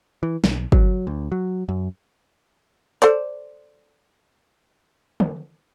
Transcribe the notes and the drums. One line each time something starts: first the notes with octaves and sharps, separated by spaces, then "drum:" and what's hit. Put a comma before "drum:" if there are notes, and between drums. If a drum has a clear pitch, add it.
E3
B1, drum: snare
F#3, drum: kick
D2
F#3
F#2
A4 C5 D5, drum: hi-hat
drum: tom